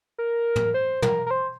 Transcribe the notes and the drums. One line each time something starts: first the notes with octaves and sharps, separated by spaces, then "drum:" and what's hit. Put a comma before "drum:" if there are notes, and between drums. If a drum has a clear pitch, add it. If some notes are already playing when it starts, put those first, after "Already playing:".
A#4
drum: tom
C5
A#4, drum: tom
A#4
C5